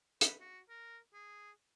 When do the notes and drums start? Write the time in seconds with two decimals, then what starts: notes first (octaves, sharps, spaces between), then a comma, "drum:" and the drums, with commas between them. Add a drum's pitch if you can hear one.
0.21 B4, drum: hi-hat
0.40 F#4
0.69 A#4
1.13 G#4